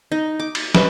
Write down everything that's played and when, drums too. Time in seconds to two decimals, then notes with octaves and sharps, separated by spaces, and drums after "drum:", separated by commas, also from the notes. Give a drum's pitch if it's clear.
0.12 D#4
0.40 D6
0.55 drum: cymbal
0.75 B4, drum: snare